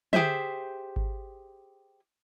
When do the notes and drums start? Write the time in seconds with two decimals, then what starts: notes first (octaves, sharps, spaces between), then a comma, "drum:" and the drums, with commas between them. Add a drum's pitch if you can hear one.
0.13 G4 G#4 C5 E5, drum: tom
0.96 drum: kick G#1